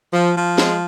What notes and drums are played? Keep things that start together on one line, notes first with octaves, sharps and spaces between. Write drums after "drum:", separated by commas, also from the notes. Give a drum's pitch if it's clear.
F3
F3
G#3, drum: snare